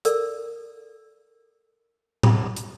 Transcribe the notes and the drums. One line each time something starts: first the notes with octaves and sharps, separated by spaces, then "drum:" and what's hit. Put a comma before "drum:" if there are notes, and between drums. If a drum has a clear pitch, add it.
A4 A#4 D5 E6, drum: hi-hat
drum: tom A2
drum: hi-hat